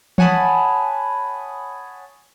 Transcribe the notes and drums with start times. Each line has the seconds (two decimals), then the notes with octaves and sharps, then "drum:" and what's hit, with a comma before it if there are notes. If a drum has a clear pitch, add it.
0.18 C#5 F#5 G#5 A5 B5 D#6, drum: tom E3